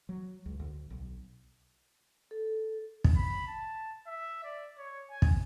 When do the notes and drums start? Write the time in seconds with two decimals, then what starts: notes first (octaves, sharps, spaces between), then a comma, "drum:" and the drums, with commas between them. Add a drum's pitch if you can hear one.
0.09 F#3
0.46 C#2
0.60 D2
0.90 B1
2.31 A4
3.04 drum: kick
3.17 B5
3.48 A5
4.07 E5
4.44 D5
4.78 C#5
5.10 G#5
5.22 drum: kick